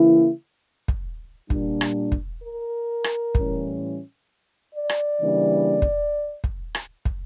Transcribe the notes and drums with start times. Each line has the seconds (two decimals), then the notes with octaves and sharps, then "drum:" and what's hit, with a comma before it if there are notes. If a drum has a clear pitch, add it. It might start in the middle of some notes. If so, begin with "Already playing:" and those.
Already playing: C#3 E3 A#3 E4
0.88 drum: kick
1.50 A#2 G3 D4, drum: kick
1.81 drum: rim click
2.12 drum: kick
2.42 A#4
3.04 drum: rim click
3.35 A2 E3 G3 C#4, drum: kick
4.74 D5
4.89 drum: rim click
5.20 C#3 E3 G3 A#3 D4
5.82 drum: kick
6.44 drum: kick
6.75 drum: rim click
7.05 drum: kick